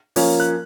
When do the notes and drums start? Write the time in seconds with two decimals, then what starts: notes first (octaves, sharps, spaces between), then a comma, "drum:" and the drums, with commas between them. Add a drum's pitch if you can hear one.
0.16 F3 A#3 C#4, drum: open hi-hat
0.40 F#6